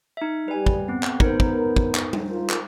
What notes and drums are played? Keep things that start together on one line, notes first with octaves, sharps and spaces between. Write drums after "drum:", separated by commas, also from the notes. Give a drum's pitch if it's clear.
D#4 E5
G3 B4 G#5
drum: kick
B3 C4
drum: clap
B3 D#4 A#4 C5, drum: kick
drum: kick
drum: kick
drum: clap
drum: tom G3
F4 A#4
drum: clap